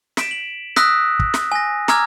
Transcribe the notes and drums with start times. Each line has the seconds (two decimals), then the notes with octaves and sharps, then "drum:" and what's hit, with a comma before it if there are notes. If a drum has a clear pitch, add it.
0.17 B6 D7 E7, drum: snare
0.31 F#7
0.76 D#6 E6 F#6 A#6 B6, drum: snare
1.19 drum: kick
1.34 drum: snare
1.52 G#5 A#6
1.88 A#5 D6 E6 F6 G#6, drum: snare